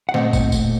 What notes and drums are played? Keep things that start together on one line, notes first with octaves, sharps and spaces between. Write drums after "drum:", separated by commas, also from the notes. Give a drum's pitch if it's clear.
F#5
A#2 A3 C4 C5 D#5, drum: snare
drum: kick F#1, tambourine
drum: tambourine